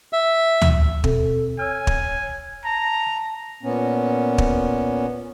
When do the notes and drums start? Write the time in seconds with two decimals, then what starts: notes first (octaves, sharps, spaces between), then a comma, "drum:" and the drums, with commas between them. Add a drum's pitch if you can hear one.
0.13 E5
0.62 drum: tom D2
1.04 D#2 B2 C4 A4, drum: kick
1.59 C#5 G#5 E6 F6
1.87 drum: kick
2.65 A5 A#5
3.63 A#2 B3 C#4
4.38 drum: kick